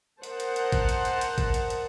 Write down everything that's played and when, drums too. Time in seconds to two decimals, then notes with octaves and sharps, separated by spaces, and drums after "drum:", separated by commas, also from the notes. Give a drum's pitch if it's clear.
0.23 A#4 C5 D#5 F#5 A5, drum: hi-hat
0.40 drum: hi-hat
0.56 drum: hi-hat
0.72 drum: kick, hi-hat
0.89 drum: hi-hat
1.05 drum: hi-hat
1.21 drum: hi-hat
1.38 drum: kick, hi-hat
1.54 drum: hi-hat
1.70 drum: hi-hat